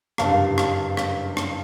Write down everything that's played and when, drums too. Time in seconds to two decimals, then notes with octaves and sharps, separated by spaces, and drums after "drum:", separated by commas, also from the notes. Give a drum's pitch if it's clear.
0.18 F#1 G2 C3 F5 A5, drum: rim click
0.58 drum: rim click
0.97 drum: rim click
1.37 drum: rim click